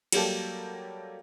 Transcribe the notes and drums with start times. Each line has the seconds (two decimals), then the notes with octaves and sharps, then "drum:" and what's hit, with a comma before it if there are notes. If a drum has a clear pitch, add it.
0.12 F#3 G3 A#3 G4 A4, drum: cymbal